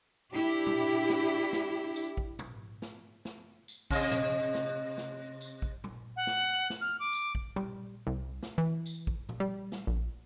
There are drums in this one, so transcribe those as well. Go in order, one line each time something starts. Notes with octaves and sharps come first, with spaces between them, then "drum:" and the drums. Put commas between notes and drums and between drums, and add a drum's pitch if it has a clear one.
D4 E4 G4
drum: tom
drum: snare
drum: snare
drum: tambourine
drum: kick
drum: tom G#2
drum: snare
drum: snare
drum: tambourine
C3 D#5, drum: kick
drum: tom A#2
drum: snare
drum: snare
drum: tambourine
drum: kick
drum: tom
F#5
drum: snare
drum: snare
F6
D6
drum: tambourine
drum: kick
G3, drum: tom
C2
drum: snare
E3
drum: tambourine
drum: kick
drum: tom A#2
G3
drum: snare
A#1